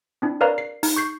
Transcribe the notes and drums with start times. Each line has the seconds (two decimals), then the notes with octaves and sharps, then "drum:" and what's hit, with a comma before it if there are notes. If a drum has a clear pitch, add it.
0.22 C4 D4 E4
0.41 A#4 B4 C#5 D5 F5 A#5
0.58 C7
0.83 D#4, drum: open hi-hat
0.96 C#6 G6 C7